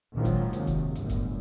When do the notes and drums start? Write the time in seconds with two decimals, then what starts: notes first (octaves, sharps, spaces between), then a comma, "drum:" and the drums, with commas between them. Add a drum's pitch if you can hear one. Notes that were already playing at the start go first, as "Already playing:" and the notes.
0.15 A#1 G#2 D#3 F3 F#3
0.25 drum: kick F1, hi-hat
0.53 D#2 G#2 C3, drum: hi-hat
0.67 drum: kick F1, hi-hat
0.95 G1 F#2 A2, drum: hi-hat
1.09 drum: kick F1, hi-hat